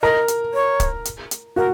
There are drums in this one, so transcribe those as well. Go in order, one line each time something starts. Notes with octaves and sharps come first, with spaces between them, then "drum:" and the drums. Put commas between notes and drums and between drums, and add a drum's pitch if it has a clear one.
A#4 D#5 A#5
drum: hi-hat
C#5
drum: kick C#1, hi-hat
drum: hi-hat
drum: hi-hat
F#4 A#4 F#5